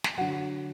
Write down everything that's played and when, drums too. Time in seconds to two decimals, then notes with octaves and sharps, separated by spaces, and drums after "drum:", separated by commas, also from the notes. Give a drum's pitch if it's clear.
0.04 drum: snare
0.18 D3 F#3 F#5